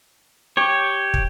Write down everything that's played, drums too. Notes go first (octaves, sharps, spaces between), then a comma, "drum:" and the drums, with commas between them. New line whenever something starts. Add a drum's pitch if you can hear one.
G4 C#5
drum: kick